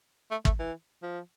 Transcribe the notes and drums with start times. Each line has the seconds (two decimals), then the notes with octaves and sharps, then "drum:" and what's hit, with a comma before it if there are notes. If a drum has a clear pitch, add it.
0.31 A3
0.45 A3, drum: kick
0.59 E3
1.02 F3